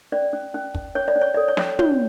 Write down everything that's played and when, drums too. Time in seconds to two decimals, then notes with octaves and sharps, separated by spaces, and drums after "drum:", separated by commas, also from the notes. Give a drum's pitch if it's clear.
0.12 C#4 D5
0.33 C#4
0.54 C#4
0.75 C#4, drum: kick
0.95 C#4 C#5
1.08 D5
1.16 C#4
1.21 C#5
1.34 A4 D5
1.48 C#5
1.57 C#4, drum: snare
1.79 C#4 C#5, drum: tom